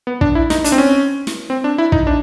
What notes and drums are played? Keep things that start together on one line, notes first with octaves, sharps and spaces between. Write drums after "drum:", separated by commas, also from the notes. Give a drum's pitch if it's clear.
B3
D4, drum: kick
E4
D#4, drum: snare
D4, drum: hi-hat
C4
C#4
drum: snare
C4
D4
E4
D#4, drum: kick
D4